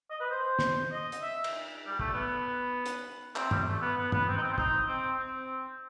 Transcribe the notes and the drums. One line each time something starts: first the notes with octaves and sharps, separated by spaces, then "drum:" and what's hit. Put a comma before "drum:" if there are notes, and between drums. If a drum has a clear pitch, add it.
D#5
B4
C5
drum: snare
D#5
drum: hi-hat
E5
drum: cymbal
G3
A3, drum: kick
B3
drum: hi-hat
C4, drum: clap
G3, drum: tom
A3
B3
B3
B3, drum: tom
C4
D#4
C4
C4
D#4, drum: kick
C4
C4